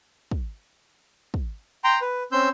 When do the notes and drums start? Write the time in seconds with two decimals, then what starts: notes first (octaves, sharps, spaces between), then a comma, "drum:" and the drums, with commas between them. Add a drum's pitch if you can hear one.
0.31 drum: kick
1.34 drum: kick
1.84 G5 A#5 C6
2.01 B4
2.32 C4 C#4 C6 E6 G6